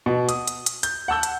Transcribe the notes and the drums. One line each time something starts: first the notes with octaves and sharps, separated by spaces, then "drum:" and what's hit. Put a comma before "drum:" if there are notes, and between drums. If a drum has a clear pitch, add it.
B2
D#6, drum: hi-hat
drum: hi-hat
drum: hi-hat
G6, drum: hi-hat
F#5 A5 E6 G6
drum: hi-hat